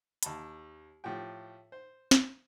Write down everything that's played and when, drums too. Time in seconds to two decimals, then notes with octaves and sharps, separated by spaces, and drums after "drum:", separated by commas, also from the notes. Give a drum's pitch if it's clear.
0.23 D#2 A5 B5, drum: hi-hat
1.04 A2 F3 G4 G5
1.72 C5
2.11 drum: snare